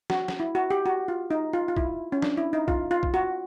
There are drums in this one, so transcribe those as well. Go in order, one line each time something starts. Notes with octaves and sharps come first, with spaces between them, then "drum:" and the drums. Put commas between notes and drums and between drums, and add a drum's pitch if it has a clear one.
F#4, drum: snare
drum: snare
E4
F#4
G4
F#4
F4
D#4
F4
F4
E4, drum: kick
C#4
D4, drum: snare
E4
D#4
F4, drum: kick
F4
drum: kick
F#4